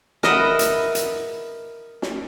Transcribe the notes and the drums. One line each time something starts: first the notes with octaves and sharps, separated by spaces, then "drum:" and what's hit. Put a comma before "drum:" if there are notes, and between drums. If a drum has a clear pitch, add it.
A#4 B4 D#5 E5 F#5, drum: snare
drum: hi-hat
drum: hi-hat
drum: snare